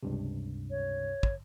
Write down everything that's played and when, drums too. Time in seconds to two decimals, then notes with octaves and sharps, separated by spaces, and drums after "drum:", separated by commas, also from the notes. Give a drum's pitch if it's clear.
0.03 C#2 G2 C3
0.70 C#5
1.23 drum: kick